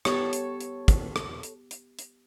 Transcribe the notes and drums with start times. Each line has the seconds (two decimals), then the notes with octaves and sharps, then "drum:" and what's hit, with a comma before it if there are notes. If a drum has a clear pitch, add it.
0.05 B3 G4 A4 C#5, drum: rim click
0.33 drum: hi-hat
0.60 drum: hi-hat
0.88 drum: kick, hi-hat
1.16 drum: rim click
1.43 drum: hi-hat
1.71 drum: hi-hat
1.99 drum: hi-hat